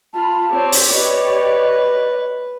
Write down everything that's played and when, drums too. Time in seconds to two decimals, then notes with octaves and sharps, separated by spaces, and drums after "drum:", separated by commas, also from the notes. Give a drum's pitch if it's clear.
0.13 F4 A5 B5
0.51 C4 G4 C#5 D5
0.72 drum: open hi-hat
0.93 B4 D#5